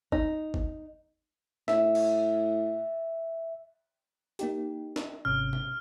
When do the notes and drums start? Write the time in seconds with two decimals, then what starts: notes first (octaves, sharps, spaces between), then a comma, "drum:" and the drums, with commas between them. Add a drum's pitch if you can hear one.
0.12 D#4, drum: kick
0.54 drum: kick
1.68 A2 E5, drum: snare
1.95 drum: cymbal
4.39 A#3 D#4 G4, drum: hi-hat
4.96 drum: snare
5.25 G#1 C3 C#4 F6
5.53 drum: tom B2